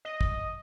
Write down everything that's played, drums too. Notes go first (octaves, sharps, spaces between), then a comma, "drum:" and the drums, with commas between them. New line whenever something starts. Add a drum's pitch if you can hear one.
D#5
drum: kick